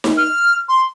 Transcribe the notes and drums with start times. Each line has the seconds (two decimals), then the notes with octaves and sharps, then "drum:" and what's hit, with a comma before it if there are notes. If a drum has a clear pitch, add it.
0.04 drum: snare D#4
0.17 F6
0.69 C6